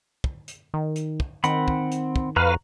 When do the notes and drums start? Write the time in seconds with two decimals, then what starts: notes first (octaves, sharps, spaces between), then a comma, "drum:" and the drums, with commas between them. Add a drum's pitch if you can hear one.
0.24 drum: kick
0.48 drum: hi-hat
0.74 D#3
0.96 drum: hi-hat
1.20 drum: kick
1.44 D#3 C4 F#5 B5, drum: hi-hat
1.68 drum: kick
1.92 drum: hi-hat
2.16 drum: kick
2.36 F2 F#4 B4 F5 A#5 F#6